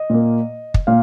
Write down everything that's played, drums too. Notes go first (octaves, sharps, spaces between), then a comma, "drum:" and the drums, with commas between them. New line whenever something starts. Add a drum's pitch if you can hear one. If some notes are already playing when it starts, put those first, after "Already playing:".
Already playing: D#5
A#2 A#3
drum: kick
A#2 F5